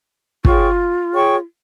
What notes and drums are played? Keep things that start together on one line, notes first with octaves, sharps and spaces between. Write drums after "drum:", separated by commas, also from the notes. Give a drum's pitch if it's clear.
F4 G#4 C#5 G5 C#6, drum: kick
G#4 C#5 G5 C#6